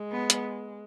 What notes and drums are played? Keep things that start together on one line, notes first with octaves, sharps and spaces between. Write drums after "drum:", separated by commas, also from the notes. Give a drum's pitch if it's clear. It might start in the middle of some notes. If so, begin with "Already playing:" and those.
Already playing: G#3
B3
drum: hi-hat